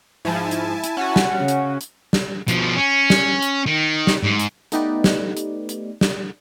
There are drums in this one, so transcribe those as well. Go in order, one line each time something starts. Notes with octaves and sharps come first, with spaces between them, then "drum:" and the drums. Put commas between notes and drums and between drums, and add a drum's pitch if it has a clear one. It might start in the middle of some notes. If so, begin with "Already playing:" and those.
G#2 F3 E4 G#5 A5
drum: hi-hat
drum: hi-hat
C#4 F#4 F#5
drum: snare
C#3
drum: hi-hat
drum: hi-hat
drum: snare
B2 F3, drum: hi-hat
C#4
drum: snare
drum: hi-hat
D#3
drum: snare
G#2
drum: hi-hat
A3 B3 D#4 G4 B4 D5, drum: hi-hat
drum: snare
drum: hi-hat
drum: hi-hat
drum: snare